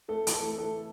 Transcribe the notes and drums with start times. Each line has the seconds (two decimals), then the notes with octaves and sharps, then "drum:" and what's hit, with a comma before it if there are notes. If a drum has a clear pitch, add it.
0.08 A3 A4
0.27 E3, drum: hi-hat
0.34 A4
0.45 A3
0.58 A4
0.64 A3